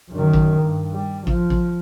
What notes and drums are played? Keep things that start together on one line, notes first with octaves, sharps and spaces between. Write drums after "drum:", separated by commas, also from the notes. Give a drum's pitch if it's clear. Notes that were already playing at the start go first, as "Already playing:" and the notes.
F#2 D#3
drum: kick A1
G2
G3
F3, drum: kick A1
drum: kick A1